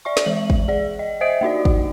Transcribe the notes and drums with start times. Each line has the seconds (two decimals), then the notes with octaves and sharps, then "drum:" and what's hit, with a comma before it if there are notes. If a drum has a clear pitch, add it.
0.05 D5 E5 C#6
0.17 drum: snare
0.26 E3 G#3 F#7
0.50 drum: kick
0.68 G#4 D5
0.99 D#5
1.21 C5 D#5 E5 D#6 D7
1.41 A#3 D#4 F#4 D5
1.65 drum: kick